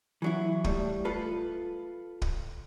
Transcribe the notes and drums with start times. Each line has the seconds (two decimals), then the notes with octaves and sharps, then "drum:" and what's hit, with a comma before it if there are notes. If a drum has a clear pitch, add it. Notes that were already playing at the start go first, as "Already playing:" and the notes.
0.22 E3 F#3 E4
0.64 A2 G3, drum: kick
1.05 F4 A4 B4
2.22 drum: kick